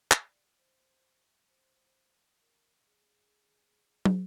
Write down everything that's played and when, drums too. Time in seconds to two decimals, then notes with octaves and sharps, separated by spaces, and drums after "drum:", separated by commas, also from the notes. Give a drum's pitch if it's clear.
0.11 D5, drum: clap
0.57 C5
1.49 C5
2.40 A#4
2.86 G#4
4.05 drum: tom